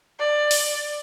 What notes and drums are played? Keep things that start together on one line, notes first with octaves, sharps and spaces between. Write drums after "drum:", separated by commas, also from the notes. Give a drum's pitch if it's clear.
D5
drum: open hi-hat